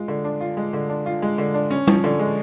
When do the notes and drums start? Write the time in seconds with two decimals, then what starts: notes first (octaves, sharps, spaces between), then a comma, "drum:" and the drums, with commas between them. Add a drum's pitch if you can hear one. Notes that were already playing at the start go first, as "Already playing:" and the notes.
Already playing: G#3 F4
0.08 D3
0.24 D4
0.41 F4
0.57 G#3
0.73 D3
0.89 D4
1.06 F4
1.22 G#3
1.38 D3
1.54 D4
1.71 C#4
1.87 F3, drum: tom
2.04 D3
2.19 G#3